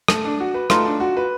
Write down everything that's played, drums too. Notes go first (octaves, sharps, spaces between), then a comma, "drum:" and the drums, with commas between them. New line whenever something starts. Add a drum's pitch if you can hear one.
A3, drum: rim click
D4
F#4
B4
A3 D#4 F4, drum: rim click
D4
F#4
B4